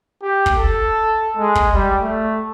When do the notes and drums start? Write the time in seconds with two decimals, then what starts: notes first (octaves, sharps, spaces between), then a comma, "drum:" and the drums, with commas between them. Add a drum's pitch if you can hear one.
0.22 G4
0.46 drum: kick
0.57 A4
1.37 G#3
1.55 drum: kick
1.74 G3
2.02 A3